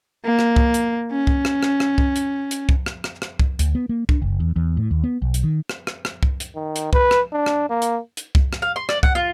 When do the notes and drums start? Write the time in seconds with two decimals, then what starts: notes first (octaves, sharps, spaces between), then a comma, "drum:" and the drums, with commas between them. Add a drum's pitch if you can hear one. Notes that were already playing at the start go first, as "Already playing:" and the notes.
0.24 A#3
0.39 drum: rim click
0.56 drum: kick C2
0.74 drum: hi-hat
1.11 C#4
1.27 drum: kick C2
1.45 drum: rim click
1.63 drum: rim click
1.80 drum: rim click
1.98 drum: kick C2
2.16 drum: hi-hat
2.51 drum: hi-hat
2.69 drum: kick C2
2.86 drum: rim click
3.04 drum: rim click
3.22 drum: rim click
3.39 drum: kick C2
3.59 D2, drum: hi-hat
3.75 B3
3.89 A#3
4.09 D4, drum: kick C2
4.22 F#1
4.40 E2
4.56 E2
4.77 A2
4.91 D#2
5.04 B3
5.22 B1
5.34 drum: hi-hat
5.44 D#3
5.69 drum: rim click
5.87 drum: rim click
6.05 drum: rim click
6.23 drum: kick C2
6.40 drum: hi-hat
6.55 D#3
6.76 drum: hi-hat
6.93 B4, drum: kick C2
7.11 drum: rim click
7.32 D4
7.46 drum: rim click
7.69 A#3
7.82 drum: hi-hat
8.17 drum: hi-hat
8.35 drum: kick C2
8.53 drum: rim click
8.62 F5
8.76 C6
8.89 D5, drum: rim click
9.03 F#5, drum: kick C2
9.15 F4